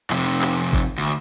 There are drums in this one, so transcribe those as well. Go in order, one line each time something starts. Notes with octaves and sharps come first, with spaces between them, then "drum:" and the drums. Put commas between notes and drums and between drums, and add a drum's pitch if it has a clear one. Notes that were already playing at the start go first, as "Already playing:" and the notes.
F2 C3, drum: clap
drum: clap
drum: kick, tambourine
D2